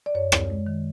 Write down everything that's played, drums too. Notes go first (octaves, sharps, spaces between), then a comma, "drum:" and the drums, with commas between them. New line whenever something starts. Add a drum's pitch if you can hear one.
D5
F#2 C#5
F#2, drum: rim click
G#3
D#3